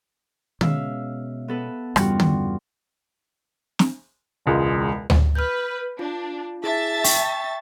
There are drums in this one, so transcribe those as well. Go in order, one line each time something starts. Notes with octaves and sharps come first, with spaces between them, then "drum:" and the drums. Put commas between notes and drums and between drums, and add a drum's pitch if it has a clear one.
B2 G#3 C#4 E5 F5, drum: tom
B3 A4 B4
E2 G2 C#3 G3 F4 F#4, drum: rim click
drum: tom
drum: snare
E1 C#2 G#3
drum: tom D2
B4 F6 G6
D4 F4
E4 G#4 E5 A5 A6
G5 C#6, drum: open hi-hat